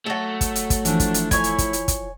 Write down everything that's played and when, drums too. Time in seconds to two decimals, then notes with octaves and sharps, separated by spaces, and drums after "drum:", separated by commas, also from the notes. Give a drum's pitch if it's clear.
0.06 F#3 A3 A4
0.41 drum: kick, hi-hat
0.55 drum: hi-hat
0.70 drum: kick, hi-hat
0.85 E3 F3 D4, drum: hi-hat
1.00 drum: kick, hi-hat
1.14 drum: hi-hat
1.31 E4 C#5 G#5, drum: kick, hi-hat
1.44 drum: hi-hat
1.58 drum: kick, hi-hat
1.73 drum: hi-hat
1.88 drum: kick, hi-hat